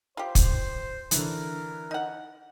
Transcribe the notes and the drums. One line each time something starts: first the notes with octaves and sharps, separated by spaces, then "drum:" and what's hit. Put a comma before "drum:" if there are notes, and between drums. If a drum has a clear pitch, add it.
F4 G4 C5
drum: kick, hi-hat
D3 E3 A#4, drum: hi-hat
D#4 F#5